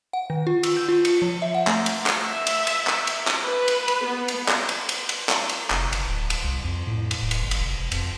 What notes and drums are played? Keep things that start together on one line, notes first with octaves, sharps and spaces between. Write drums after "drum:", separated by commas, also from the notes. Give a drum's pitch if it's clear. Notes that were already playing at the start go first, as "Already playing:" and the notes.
F#5
D#3
F4
E6, drum: cymbal
G6
F4
C#7, drum: cymbal
F3
E5
F#5
A3, drum: clap
drum: cymbal
drum: clap
E5
drum: cymbal
drum: cymbal
drum: clap
drum: cymbal
drum: clap
B4
drum: cymbal
drum: cymbal
B3
drum: cymbal
drum: clap
drum: cymbal
drum: cymbal
drum: cymbal
drum: clap
drum: cymbal
F1, drum: clap
F#1, drum: cymbal
D1
drum: cymbal
C2
F2
A2
drum: cymbal
D1
drum: cymbal
G1
drum: cymbal
F1
E1
F2, drum: cymbal